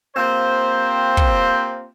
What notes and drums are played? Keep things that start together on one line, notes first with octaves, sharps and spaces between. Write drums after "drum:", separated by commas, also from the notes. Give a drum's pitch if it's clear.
A#3 C4 F4 G4 C5
drum: kick